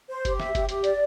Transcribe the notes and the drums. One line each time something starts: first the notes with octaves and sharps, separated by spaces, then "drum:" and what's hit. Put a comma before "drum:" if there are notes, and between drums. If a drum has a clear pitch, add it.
C5
G4, drum: kick F#1, hi-hat
E5, drum: snare
G4, drum: kick F#1, hi-hat
G4, drum: hi-hat
D5, drum: hi-hat